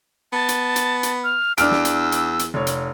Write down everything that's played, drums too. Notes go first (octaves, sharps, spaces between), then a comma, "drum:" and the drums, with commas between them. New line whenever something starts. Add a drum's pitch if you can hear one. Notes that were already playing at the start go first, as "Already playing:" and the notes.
B3 A5
drum: hi-hat
drum: hi-hat
drum: hi-hat
F6
E2 D4 E6 F6 D7, drum: hi-hat
drum: snare
drum: hi-hat
drum: hi-hat
drum: hi-hat
F1 C#5
drum: hi-hat